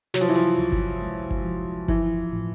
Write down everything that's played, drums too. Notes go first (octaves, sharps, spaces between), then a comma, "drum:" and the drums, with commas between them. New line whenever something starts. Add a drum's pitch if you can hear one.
C3 F#3, drum: snare
F3
E3
F3
C#2
drum: kick G1
G#3
drum: kick G1
F3
E3 F3, drum: kick G1
A2